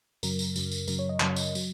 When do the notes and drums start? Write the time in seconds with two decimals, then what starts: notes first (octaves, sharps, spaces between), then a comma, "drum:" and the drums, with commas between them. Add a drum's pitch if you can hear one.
0.23 F#2 C#3 F#3 A#4, drum: tambourine
0.39 drum: tambourine
0.56 F#2 C#3 F#3, drum: tambourine
0.71 drum: tambourine
0.88 F#2 C#3 F#3 A#4, drum: tambourine
0.99 C#5
1.09 D#5
1.20 F#2 C#3 F#3, drum: clap
1.36 drum: tambourine
1.55 F#3, drum: tambourine